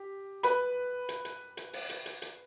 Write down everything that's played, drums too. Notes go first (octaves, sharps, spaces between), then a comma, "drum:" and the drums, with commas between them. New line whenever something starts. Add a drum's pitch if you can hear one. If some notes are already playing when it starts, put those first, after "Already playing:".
Already playing: G4
B4 B5, drum: hi-hat
drum: hi-hat
drum: hi-hat
drum: hi-hat
drum: open hi-hat
drum: hi-hat
drum: hi-hat
drum: hi-hat